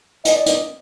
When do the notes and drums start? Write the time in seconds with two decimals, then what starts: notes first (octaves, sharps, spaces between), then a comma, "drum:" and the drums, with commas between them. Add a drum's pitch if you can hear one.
0.25 D5 D#5, drum: hi-hat
0.46 drum: hi-hat